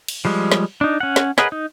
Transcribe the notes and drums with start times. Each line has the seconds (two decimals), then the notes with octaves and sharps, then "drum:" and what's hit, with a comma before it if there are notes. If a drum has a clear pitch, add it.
0.08 drum: cymbal
0.25 F3 G3 G#3
0.52 drum: snare
0.81 D4 D#4
1.00 C#4 F#5
1.16 drum: snare
1.38 G#4 A#4 B4 D#5 F#5, drum: snare
1.52 D#4